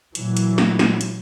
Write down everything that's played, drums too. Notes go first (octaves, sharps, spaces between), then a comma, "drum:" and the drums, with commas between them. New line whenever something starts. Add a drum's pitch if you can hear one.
A#2 E3 F#3, drum: hi-hat
drum: hi-hat
drum: snare
drum: snare
drum: hi-hat